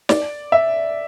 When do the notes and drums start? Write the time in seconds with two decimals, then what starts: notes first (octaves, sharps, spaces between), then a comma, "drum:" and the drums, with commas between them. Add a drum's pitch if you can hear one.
0.09 D5, drum: snare
0.52 E5